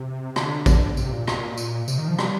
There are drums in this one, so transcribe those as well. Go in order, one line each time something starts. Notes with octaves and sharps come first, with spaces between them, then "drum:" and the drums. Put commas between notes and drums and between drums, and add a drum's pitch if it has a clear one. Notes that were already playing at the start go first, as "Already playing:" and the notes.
Already playing: C3
D3, drum: rim click
drum: kick A1, tambourine
C3, drum: tambourine
A#2
A#2, drum: rim click
drum: tambourine
C3, drum: tambourine
D#3
F3
G3, drum: rim click